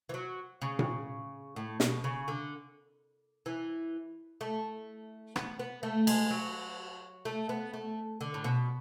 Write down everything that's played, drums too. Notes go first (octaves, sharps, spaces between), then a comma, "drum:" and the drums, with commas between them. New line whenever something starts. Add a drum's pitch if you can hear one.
E3
F#3
C#3
drum: tom A#2
A2
B2, drum: snare
C#3
D3
E3
A3
B3, drum: rim click
B3
A3
G#3, drum: cymbal
F#3
A3
B3
A3
D3
A2
B2